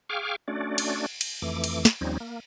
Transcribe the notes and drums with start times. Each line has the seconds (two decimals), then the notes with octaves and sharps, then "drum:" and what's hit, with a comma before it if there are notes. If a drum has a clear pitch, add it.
0.09 G#4 F5 G5 C#6 D6 F6
0.48 A3 C#4 D4 F#4 D5
0.78 drum: cymbal
1.21 drum: cymbal
1.42 F2 E3 A3 D6
1.64 drum: cymbal
1.85 drum: snare
2.01 D#2 F3 G3 C4 C#4 D#4
2.20 A#3